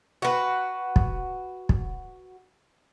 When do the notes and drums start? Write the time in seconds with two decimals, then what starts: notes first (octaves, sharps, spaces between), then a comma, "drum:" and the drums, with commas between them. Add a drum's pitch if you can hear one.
0.22 F#4 B4
0.96 drum: kick
1.69 drum: kick